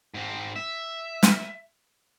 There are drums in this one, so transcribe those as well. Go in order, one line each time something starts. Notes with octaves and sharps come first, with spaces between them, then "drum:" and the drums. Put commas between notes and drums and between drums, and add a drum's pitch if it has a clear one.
G#2 C4
E5
drum: snare